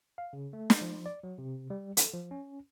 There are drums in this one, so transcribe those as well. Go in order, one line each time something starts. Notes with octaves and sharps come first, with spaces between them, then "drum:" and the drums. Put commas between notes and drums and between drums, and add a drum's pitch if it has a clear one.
F5
C#3
A3
drum: snare
F3
D5
F#3
C3
G3
A4, drum: hi-hat
F3
C#4